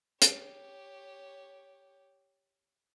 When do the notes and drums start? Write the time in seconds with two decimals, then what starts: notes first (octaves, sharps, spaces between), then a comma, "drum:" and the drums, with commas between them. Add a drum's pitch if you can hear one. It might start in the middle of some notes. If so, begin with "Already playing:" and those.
0.22 G4 C#5, drum: hi-hat